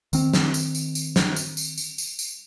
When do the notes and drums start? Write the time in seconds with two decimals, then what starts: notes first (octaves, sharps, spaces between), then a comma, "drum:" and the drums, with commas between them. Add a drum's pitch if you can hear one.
0.13 D#3 C4, drum: tambourine
0.33 drum: snare
0.54 drum: tambourine
0.75 drum: tambourine
0.95 drum: tambourine
1.16 drum: snare
1.36 drum: tambourine
1.57 drum: tambourine
1.78 drum: tambourine
1.98 drum: tambourine
2.19 drum: tambourine